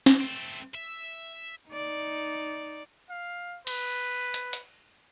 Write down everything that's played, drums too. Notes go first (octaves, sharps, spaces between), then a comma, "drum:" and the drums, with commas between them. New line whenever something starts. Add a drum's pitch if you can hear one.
drum: snare
A3 C4
E5
D#4 D5
F5
B4, drum: cymbal
drum: hi-hat
drum: hi-hat